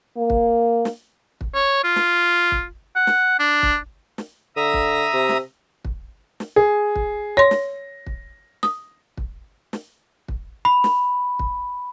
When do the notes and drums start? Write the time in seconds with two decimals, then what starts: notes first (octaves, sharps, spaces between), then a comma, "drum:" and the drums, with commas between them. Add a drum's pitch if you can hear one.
0.17 A#3
0.30 drum: kick
0.85 drum: snare
1.41 drum: kick
1.54 C#5
1.84 F4
1.96 drum: snare
2.52 drum: kick
2.96 F#5
3.07 drum: snare
3.40 D4
3.63 drum: kick
4.18 drum: snare
4.56 D3 E5 A#5 D#6
4.74 drum: kick
5.13 C3
5.29 drum: snare
5.85 drum: kick
6.40 drum: snare
6.56 G#4
6.96 drum: kick
7.37 C#5 C6 A#6
7.51 drum: snare
8.06 drum: kick
8.63 D#6, drum: snare
9.17 drum: kick
9.73 drum: snare
10.28 drum: kick
10.65 B5
10.84 drum: snare
11.39 drum: kick